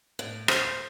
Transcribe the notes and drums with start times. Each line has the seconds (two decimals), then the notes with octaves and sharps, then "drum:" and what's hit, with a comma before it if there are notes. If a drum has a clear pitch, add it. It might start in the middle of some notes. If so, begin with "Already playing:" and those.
0.19 A2
0.48 C5, drum: rim click